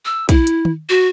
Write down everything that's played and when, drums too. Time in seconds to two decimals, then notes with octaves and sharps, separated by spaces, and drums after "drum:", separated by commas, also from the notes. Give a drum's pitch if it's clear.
0.05 E6
0.29 E4, drum: kick, hi-hat
0.47 drum: hi-hat
0.65 drum: tom
0.89 F#4